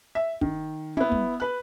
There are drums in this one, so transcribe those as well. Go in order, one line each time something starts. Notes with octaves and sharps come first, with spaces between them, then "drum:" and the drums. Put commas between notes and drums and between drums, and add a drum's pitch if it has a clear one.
E5
D#3, drum: kick
B3 E4, drum: tom
drum: kick
B4 F#6